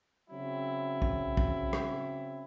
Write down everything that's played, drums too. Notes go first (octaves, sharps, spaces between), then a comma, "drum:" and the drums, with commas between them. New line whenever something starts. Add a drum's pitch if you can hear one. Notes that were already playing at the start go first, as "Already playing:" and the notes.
C#3 F#3 C4 E4
drum: kick
drum: kick
drum: rim click